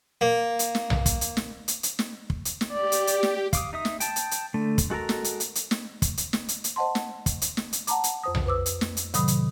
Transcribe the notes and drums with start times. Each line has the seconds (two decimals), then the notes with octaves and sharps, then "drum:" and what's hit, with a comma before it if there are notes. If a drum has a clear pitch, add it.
0.21 A#3
0.59 drum: hi-hat
0.75 drum: snare
0.90 drum: tom B1
1.06 drum: kick, hi-hat
1.21 drum: hi-hat
1.37 drum: snare
1.68 drum: hi-hat
1.83 drum: hi-hat
1.99 drum: snare
2.30 drum: kick
2.45 drum: hi-hat
2.61 drum: snare
2.72 G4 D5
2.92 drum: hi-hat
3.07 drum: hi-hat
3.23 drum: snare
3.53 F5 D6 D#6, drum: kick, hi-hat
3.73 D#4 E5 D#6
3.85 drum: snare
4.00 G5 A5, drum: hi-hat
4.16 drum: hi-hat
4.31 drum: hi-hat
4.54 D3 A3
4.78 drum: kick, hi-hat
4.90 G#3 F#4 A4 A#4 A#5
5.09 drum: snare
5.24 drum: hi-hat
5.40 drum: hi-hat
5.55 drum: hi-hat
5.71 drum: snare
6.02 drum: kick, hi-hat
6.17 drum: hi-hat
6.33 drum: snare
6.48 drum: hi-hat
6.64 drum: hi-hat
6.76 C5 D#5 F#5 A5 C6
6.95 drum: snare
7.26 drum: kick, hi-hat
7.42 drum: hi-hat
7.57 drum: snare
7.73 drum: hi-hat
7.87 F#5 A5 A#5 D6, drum: hi-hat
8.04 drum: hi-hat
8.24 F2 C5 D#6
8.35 drum: tom B1
8.46 B4 C5 D6 E6
8.66 drum: hi-hat
8.81 drum: snare
8.97 drum: hi-hat
9.14 A2 C3 D#3 F#3 B5 D#6, drum: hi-hat
9.28 drum: hi-hat